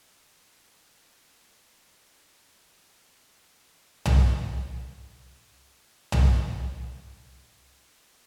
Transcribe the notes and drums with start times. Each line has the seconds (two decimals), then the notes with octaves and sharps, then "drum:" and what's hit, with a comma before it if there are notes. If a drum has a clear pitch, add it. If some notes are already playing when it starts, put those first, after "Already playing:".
0.16 G5 A5 F6 G7
0.54 F#4 G#4 B4 C5 G5
0.95 F#3 A3 D#4 C#6
2.20 D3 D4
2.64 D#3 F3 C#4
3.37 D#3 D#4
4.06 drum: tom
6.12 drum: tom
7.10 D3 G#4 A5
7.88 F#4 D#6